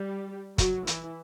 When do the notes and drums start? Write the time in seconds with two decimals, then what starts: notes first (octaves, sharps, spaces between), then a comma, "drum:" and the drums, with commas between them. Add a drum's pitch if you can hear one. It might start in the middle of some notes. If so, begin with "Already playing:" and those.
Already playing: G3 G4
0.58 F#3 F#4, drum: kick, hi-hat
0.87 E3 E4, drum: hi-hat